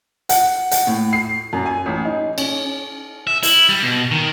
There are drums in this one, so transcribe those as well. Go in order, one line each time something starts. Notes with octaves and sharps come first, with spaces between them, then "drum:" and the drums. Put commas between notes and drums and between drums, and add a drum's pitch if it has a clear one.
F#5, drum: hi-hat
F#5, drum: hi-hat
A2
C7
F#2
G#5
A1
D#4
C#4, drum: cymbal
E5
E4, drum: hi-hat
G3
B2
D#3